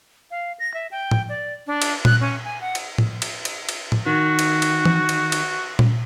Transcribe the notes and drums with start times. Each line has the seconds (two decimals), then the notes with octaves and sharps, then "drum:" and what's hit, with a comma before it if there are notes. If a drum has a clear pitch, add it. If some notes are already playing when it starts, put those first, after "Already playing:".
0.31 F5
0.60 A#6
0.74 E5
0.91 G5
1.11 drum: tom A2
1.29 D5
1.67 D4
1.82 drum: cymbal
2.05 F#6, drum: tom A#2
2.20 C#4
2.45 G#5
2.61 F#5
2.75 drum: cymbal
2.98 drum: tom A2
3.22 drum: cymbal
3.45 drum: cymbal
3.69 drum: cymbal
3.92 drum: tom A2
4.06 D#3 F#4
4.39 drum: cymbal
4.62 drum: cymbal
4.85 drum: tom E3
5.09 drum: cymbal
5.32 drum: cymbal
5.79 drum: tom A#2